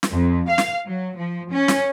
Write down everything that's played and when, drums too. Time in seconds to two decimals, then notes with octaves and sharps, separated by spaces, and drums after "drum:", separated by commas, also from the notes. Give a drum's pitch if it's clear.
0.03 drum: snare
0.12 F2
0.48 F5
0.58 drum: snare
0.85 F#3
1.17 F3
1.51 C#4
1.68 drum: snare